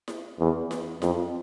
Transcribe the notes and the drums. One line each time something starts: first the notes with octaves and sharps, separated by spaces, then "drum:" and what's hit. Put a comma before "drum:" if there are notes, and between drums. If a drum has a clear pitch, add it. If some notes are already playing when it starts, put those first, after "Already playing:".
drum: snare E4
E2
drum: snare E4
F2, drum: snare E4